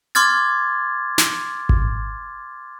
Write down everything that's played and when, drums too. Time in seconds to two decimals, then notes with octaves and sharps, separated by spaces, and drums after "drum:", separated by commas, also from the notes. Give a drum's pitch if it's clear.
0.15 C6 D6 F6 G#6 A6
1.18 drum: snare
1.69 drum: kick G#1